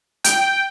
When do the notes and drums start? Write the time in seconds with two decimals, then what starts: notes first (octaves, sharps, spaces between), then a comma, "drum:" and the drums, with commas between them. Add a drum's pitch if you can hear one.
0.24 G5, drum: hi-hat